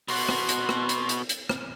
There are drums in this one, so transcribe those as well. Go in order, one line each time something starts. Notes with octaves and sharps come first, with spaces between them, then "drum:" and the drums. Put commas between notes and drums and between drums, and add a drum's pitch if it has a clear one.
B2 F#4 C6, drum: open hi-hat
drum: rim click
drum: hi-hat
drum: rim click
drum: hi-hat
drum: hi-hat
drum: hi-hat
drum: rim click